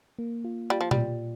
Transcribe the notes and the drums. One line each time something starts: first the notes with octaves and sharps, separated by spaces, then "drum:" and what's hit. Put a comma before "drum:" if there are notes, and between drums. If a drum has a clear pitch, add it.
A#3
F4
G3 F4
F3
A#2 G3, drum: tom B2